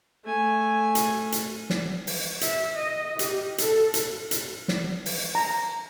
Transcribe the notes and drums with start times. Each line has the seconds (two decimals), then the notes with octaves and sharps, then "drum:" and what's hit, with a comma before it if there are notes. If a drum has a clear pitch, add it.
0.25 A3 G#5
0.95 drum: hi-hat
1.32 drum: hi-hat
1.70 drum: snare
2.07 drum: open hi-hat
2.41 E5, drum: hi-hat
2.75 D#5
3.19 G4, drum: hi-hat
3.58 A4, drum: hi-hat
3.94 drum: hi-hat
4.31 drum: hi-hat
4.68 drum: snare
5.06 drum: open hi-hat
5.35 A#5